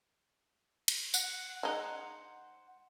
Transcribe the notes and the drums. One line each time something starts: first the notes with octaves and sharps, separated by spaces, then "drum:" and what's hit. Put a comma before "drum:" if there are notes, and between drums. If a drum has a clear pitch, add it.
drum: cymbal
F#5, drum: tambourine
G#3 D#4 C5 F#5